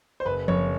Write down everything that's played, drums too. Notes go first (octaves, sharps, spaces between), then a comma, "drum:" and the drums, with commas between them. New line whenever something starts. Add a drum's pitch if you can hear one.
C5
F#1 B4
F#1 C#5, drum: tom F3